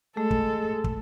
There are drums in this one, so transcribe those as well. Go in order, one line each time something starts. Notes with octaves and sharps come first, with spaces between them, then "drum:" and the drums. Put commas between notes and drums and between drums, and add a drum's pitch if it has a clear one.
G#3 A3 A4
drum: kick
drum: kick